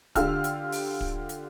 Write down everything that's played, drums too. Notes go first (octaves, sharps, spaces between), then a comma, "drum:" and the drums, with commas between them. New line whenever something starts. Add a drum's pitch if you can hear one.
D3 F4 G4 E6 F6, drum: kick, hi-hat
drum: hi-hat
drum: open hi-hat
drum: kick
drum: hi-hat